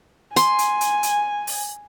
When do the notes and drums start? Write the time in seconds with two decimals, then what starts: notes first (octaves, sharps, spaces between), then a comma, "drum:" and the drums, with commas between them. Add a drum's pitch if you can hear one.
0.36 G#5 C6, drum: hi-hat
0.59 drum: hi-hat
0.81 drum: hi-hat
1.03 drum: hi-hat
1.47 drum: open hi-hat